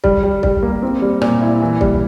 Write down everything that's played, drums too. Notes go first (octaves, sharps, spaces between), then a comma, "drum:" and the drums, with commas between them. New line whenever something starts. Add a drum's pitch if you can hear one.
G3, drum: kick
G3
G3, drum: kick
A#3
C4
G3
A#2, drum: rim click
E4
E3
G3, drum: kick